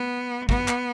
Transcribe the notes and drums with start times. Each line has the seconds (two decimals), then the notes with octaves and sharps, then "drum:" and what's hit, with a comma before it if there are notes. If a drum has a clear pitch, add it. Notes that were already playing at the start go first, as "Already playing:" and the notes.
Already playing: B3
0.49 B3, drum: kick
0.68 drum: clap